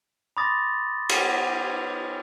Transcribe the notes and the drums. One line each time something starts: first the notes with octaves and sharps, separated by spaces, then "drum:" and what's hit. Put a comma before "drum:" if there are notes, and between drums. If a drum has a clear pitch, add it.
B5 C6 D6 D#6 A6 A#6
drum: cymbal